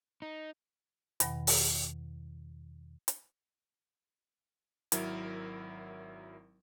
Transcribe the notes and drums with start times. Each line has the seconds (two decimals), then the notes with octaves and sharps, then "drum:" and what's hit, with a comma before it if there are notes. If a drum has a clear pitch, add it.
0.22 D#4
1.20 E2 B2 D#3 F#5 B5 A#6, drum: hi-hat
1.47 drum: open hi-hat
3.08 drum: hi-hat
4.92 G#1 F#3 E4 A#4, drum: hi-hat